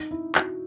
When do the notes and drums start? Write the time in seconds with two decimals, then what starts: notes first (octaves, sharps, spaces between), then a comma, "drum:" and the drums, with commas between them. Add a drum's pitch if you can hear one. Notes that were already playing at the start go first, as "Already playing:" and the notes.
Already playing: D#4
0.11 E4
0.35 F#4, drum: clap